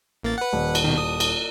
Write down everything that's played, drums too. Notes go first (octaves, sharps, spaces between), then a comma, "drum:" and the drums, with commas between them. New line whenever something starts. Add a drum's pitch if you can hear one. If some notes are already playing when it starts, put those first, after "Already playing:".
A1 A#3 A6
B4 F#5
D#1
drum: cymbal
B2 D#3
D#6
drum: cymbal